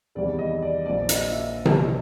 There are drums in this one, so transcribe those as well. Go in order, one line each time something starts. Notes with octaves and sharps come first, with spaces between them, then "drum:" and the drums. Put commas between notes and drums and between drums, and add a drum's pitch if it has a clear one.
E2 C3 D#3 G3 D5
D#5
D5
A#1 A#2 F3 A#3 D5
D#5, drum: hi-hat
E5
drum: tom C3